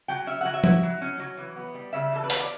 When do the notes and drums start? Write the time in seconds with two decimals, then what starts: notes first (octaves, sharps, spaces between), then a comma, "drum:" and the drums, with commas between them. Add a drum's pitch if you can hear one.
0.08 F#3 G5
0.27 C#4 E5
0.41 F#3 F#5
0.54 E5
0.64 E4, drum: tom F3
0.83 F#3
1.01 C#4
1.19 F#3
1.37 E3
1.56 B3
1.74 G3
1.93 C#3 E5
2.12 E3 A4
2.24 B4
2.30 B3 C#5, drum: hi-hat
2.41 D5